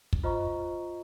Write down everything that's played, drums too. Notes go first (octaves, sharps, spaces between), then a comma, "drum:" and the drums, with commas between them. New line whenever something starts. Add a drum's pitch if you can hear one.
drum: kick
F4 C5 D#5 A#5 C#6